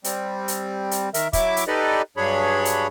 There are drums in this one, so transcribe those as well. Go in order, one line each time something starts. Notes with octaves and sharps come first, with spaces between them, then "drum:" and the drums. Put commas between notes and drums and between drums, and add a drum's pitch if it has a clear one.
G3 C4, drum: hi-hat
drum: hi-hat
drum: hi-hat
D#3 A#4 E5, drum: hi-hat
F#3 E4 E5 D6, drum: kick, hi-hat
drum: hi-hat
D#4 G4 A4 B4 D5 D#5
G2 F#3 D4 G#4 C#5 B5
drum: hi-hat